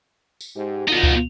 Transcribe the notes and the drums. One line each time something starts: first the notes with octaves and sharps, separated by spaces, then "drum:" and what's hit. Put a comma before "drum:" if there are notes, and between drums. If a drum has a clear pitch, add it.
drum: tambourine
G#2 G4
D3 B3 D#4 F4 F#4
drum: kick C#2